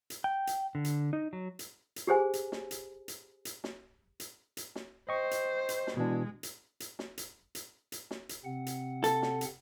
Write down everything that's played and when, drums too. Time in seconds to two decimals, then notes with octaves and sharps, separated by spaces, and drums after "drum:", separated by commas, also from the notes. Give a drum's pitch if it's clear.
0.10 drum: hi-hat
0.24 G5
0.47 drum: hi-hat
0.75 D3
0.85 drum: hi-hat
1.13 D#4
1.33 F#3
1.59 drum: hi-hat
1.96 drum: hi-hat
2.07 G4 G#4 C5 G#5
2.33 drum: hi-hat
2.52 drum: snare
2.71 drum: hi-hat
3.08 drum: hi-hat
3.45 drum: hi-hat
3.64 drum: snare
4.20 drum: hi-hat
4.57 drum: hi-hat
4.76 drum: snare
5.09 C5 D#5 G5 C#6
5.31 drum: hi-hat
5.69 drum: hi-hat
5.87 drum: snare
5.97 B2 E3 G#3 D4
6.43 drum: hi-hat
6.80 drum: hi-hat
6.99 drum: snare
7.18 drum: hi-hat
7.55 drum: hi-hat
7.92 drum: hi-hat
8.11 drum: snare
8.29 drum: hi-hat
8.45 C3 C4 F#5
8.66 drum: hi-hat
9.04 A4, drum: hi-hat
9.22 drum: snare
9.41 drum: hi-hat